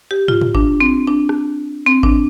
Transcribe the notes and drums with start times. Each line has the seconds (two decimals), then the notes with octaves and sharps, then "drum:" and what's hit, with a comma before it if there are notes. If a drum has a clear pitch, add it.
0.11 G4
0.28 F4, drum: tom
0.41 drum: tom
0.55 D4, drum: kick G#1
0.80 C4
1.07 D4
1.29 drum: rim click
1.86 C4
2.03 D4, drum: kick G#1